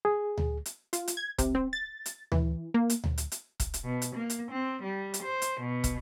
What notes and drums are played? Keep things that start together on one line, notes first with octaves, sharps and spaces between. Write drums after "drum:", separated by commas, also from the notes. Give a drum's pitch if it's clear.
G#4
drum: tom D2
drum: hi-hat
F4, drum: hi-hat
drum: hi-hat
G#6
C3, drum: kick, hi-hat
C4
A6
drum: hi-hat
E3, drum: tom D2
A#3
drum: hi-hat
drum: tom D2
drum: hi-hat
drum: hi-hat
drum: kick, hi-hat
drum: hi-hat
B2
drum: hi-hat
A#3
drum: hi-hat
C4
G3
drum: hi-hat
C5
drum: hi-hat
B2
drum: kick, hi-hat